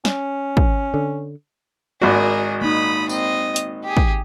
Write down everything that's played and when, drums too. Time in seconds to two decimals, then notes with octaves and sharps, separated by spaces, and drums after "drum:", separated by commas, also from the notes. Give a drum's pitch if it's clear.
0.05 C#4, drum: snare
0.57 drum: kick
0.94 D3
2.02 G#1 F#4 G#4 A#4 D5
2.62 A#3 D#4 B5 D#6
3.09 C4 D#5, drum: tambourine
3.56 drum: hi-hat
3.84 G4 G#4
3.97 drum: kick